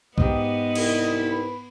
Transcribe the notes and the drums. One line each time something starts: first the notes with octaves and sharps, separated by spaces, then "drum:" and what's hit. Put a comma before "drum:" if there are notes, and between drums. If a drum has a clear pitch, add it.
G#2 B3 G4 D#5, drum: kick
C2 E4, drum: cymbal
B4